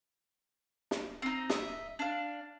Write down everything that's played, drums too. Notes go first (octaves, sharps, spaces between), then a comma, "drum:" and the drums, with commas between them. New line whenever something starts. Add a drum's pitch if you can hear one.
drum: snare
C4 D#4
D#5 E5, drum: snare
D4 F5